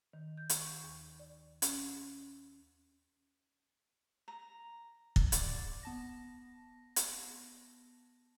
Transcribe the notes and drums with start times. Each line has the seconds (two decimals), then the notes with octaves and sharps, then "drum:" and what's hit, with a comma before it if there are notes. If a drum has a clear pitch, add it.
0.13 D#3
0.37 G6
0.50 drum: hi-hat
0.60 C#6
0.84 D#2
1.19 D5
1.62 C#4, drum: hi-hat
4.28 A#5
5.16 drum: kick
5.32 D5, drum: hi-hat
5.83 B3 A5 A#6
6.96 drum: hi-hat